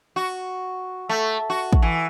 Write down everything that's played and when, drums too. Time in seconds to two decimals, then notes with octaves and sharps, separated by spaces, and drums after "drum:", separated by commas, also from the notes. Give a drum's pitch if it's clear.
0.16 F#4
1.09 A3
1.50 F#4
1.73 drum: kick
1.82 E3